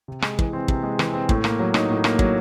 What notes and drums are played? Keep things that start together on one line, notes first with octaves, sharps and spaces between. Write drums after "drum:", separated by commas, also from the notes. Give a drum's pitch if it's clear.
C3
G#3, drum: rim click
E3, drum: kick
C4
C3, drum: kick
G#3
E3, drum: rim click
C4
A2, drum: kick
A#3, drum: rim click
F#3
D#4, drum: rim click
A2
A#3, drum: rim click
F#3, drum: kick